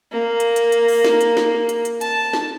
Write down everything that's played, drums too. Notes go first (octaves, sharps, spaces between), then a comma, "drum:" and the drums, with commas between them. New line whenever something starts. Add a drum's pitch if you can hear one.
A#3
drum: hi-hat
drum: hi-hat
drum: hi-hat
drum: open hi-hat
drum: snare
drum: hi-hat
drum: snare
drum: hi-hat
drum: hi-hat
A5, drum: hi-hat
drum: snare